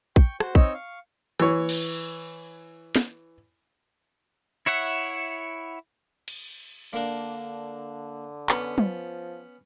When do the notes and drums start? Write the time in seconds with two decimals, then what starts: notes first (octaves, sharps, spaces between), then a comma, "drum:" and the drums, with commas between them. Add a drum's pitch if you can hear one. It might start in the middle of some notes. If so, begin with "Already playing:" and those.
0.16 G5 C#6, drum: kick
0.40 F#4 C5, drum: rim click
0.55 C4 D#4 C#5 D#5 C#6 E6, drum: kick
0.74 F5 C#6
1.40 E3 C#5, drum: hi-hat
1.69 drum: cymbal
2.96 drum: snare
4.66 E4 C#5 E5 F#5
6.28 drum: cymbal
6.93 D3 A#3 D4
8.49 B3 C#4, drum: clap
8.78 F3, drum: tom